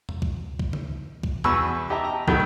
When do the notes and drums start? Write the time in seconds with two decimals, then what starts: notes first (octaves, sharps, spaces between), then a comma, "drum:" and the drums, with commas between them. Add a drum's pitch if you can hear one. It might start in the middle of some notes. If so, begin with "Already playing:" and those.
0.09 drum: tom E2
0.22 drum: kick
0.59 drum: kick
0.73 drum: tom C#3
1.23 drum: kick
1.44 E2 B3 F#4 B4 C#6 E6, drum: tom E2
1.90 G4 D#5 E5 A5 A#5
2.04 A#5
2.28 D#3 F#3 G3 A3 B3, drum: kick